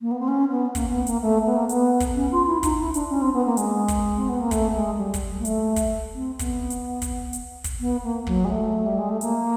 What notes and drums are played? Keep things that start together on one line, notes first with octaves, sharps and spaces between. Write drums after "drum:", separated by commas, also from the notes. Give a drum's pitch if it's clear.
A#3
B3
C4
C#4
B3
A#3, drum: kick, hi-hat
B3
A#3, drum: hi-hat
A3
B3
A#3
B3, drum: hi-hat
drum: kick, hi-hat
C#4
F4
E4
D#4, drum: kick, hi-hat
E4
D4, drum: hi-hat
C#4
C4
B3
A#3
G#3, drum: hi-hat
drum: kick, hi-hat
C4
B3
A#3
A3, drum: kick, hi-hat
G#3
G3
drum: kick, hi-hat
G3
A#3
A3, drum: hi-hat
drum: kick, hi-hat
C4
B3, drum: kick, hi-hat
drum: hi-hat
drum: kick, hi-hat
drum: hi-hat
drum: kick, hi-hat
B3
A#3
F#3, drum: kick
G#3
A3
G3
G#3
A3
A#3, drum: hi-hat